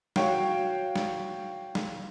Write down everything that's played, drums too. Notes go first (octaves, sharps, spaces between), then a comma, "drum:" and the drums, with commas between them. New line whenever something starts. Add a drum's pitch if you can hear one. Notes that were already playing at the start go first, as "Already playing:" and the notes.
F#4 C#5 F5 G5, drum: snare
drum: snare
drum: snare